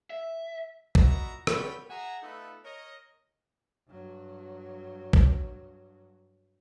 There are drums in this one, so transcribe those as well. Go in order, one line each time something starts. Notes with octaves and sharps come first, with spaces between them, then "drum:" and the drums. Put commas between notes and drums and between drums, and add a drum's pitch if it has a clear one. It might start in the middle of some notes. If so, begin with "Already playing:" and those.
E5
A#2 E4 F#4 D#5 E5 A#5, drum: kick B1
B4 C#5 D5 F#5 G5 B5, drum: rim click
G#4 E5 F#5 G#5 A#5
A3 B3 D#4 F4 A4 B4
A#4 C#5 D#5
G2 F#3
drum: kick B1